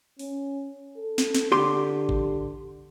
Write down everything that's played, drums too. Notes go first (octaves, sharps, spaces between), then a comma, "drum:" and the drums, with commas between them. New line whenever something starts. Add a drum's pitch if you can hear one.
C#4, drum: open hi-hat
A4
drum: snare
drum: snare
D3 G4 C6
drum: kick G#1